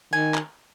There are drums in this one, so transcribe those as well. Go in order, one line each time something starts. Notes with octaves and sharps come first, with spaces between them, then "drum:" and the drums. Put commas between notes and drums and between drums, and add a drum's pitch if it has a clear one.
D#3 G#5
drum: clap